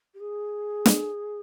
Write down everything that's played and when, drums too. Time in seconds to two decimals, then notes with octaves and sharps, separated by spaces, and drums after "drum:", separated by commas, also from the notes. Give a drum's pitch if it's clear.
0.14 G4
0.20 G#4
0.86 drum: snare